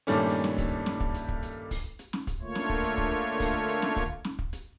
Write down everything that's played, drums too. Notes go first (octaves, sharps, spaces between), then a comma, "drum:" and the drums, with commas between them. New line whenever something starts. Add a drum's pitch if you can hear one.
G2 A#2 D#3 G3 A3 C#4
drum: hi-hat
drum: snare
drum: kick, hi-hat
drum: snare
drum: kick
drum: hi-hat
drum: kick
drum: hi-hat
drum: kick, open hi-hat
drum: hi-hat
drum: snare
drum: kick, hi-hat
D3 A3 A#3 F4 C#5
drum: snare
drum: kick
drum: hi-hat
drum: kick
drum: kick, open hi-hat
drum: hi-hat
drum: snare
drum: kick, hi-hat
drum: snare
drum: kick
drum: hi-hat